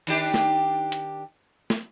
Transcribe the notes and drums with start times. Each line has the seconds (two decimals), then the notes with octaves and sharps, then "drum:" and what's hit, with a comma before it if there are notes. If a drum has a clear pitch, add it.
0.07 D#3 D4 G4, drum: hi-hat
0.34 drum: snare
0.92 drum: hi-hat
1.70 drum: snare